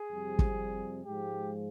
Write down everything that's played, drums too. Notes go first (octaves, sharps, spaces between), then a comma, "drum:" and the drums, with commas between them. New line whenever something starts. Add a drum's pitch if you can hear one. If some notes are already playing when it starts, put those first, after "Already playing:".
Already playing: G#4
F2 C3 G3
drum: kick
G#2 F3 G#3 G4